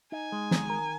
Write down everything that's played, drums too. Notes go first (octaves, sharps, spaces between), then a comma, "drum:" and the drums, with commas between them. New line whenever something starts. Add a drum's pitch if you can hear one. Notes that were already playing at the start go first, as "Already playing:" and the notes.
D#4 G#5
G#3
D#3, drum: snare
A#4